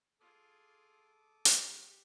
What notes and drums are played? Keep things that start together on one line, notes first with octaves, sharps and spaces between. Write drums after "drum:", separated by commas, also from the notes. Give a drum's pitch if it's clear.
F4 G#4 A4 D6 D#6
drum: hi-hat
G4